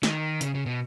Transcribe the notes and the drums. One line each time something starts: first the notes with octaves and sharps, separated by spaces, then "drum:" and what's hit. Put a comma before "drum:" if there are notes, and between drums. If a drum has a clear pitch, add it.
D#3, drum: snare
C#3, drum: hi-hat
C#3
B2